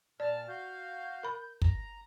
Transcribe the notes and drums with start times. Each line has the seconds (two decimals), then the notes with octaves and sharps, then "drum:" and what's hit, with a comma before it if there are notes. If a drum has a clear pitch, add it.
0.20 A#2 D5 A5 F6
0.48 F#4 F5 G6
1.23 A#4 B5
1.62 A#5, drum: kick